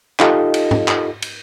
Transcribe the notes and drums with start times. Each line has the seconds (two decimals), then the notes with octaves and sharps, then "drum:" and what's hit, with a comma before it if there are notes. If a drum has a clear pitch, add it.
0.20 D#4 F4 G4 A4 D#5, drum: clap
0.54 drum: cymbal
0.71 drum: tom G#2
0.88 drum: clap
1.22 drum: cymbal